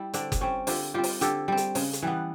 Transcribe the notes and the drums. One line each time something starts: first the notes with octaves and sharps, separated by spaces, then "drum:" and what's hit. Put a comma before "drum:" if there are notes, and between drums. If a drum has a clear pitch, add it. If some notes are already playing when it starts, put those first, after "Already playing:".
Already playing: G3 E4
D3 C4 D4, drum: hi-hat
drum: kick F#1, hi-hat
G3 C4 C#4
D3 F4 G4, drum: open hi-hat
G3 C4 F4 G4
drum: open hi-hat
D3 G4 A4, drum: hi-hat
G3 C4
drum: hi-hat
C#3, drum: open hi-hat
drum: hi-hat
E3 G3 B3